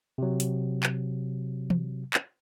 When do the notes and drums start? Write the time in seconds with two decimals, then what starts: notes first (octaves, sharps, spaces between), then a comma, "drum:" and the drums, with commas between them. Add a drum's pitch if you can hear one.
0.18 C3 F#3
0.40 drum: hi-hat
0.83 drum: clap
1.70 drum: tom E3
2.14 drum: clap